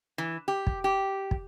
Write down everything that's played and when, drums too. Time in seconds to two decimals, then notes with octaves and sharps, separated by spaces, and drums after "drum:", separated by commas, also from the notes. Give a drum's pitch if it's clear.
0.18 E3
0.48 G4
0.67 drum: kick
0.84 G4
1.31 drum: kick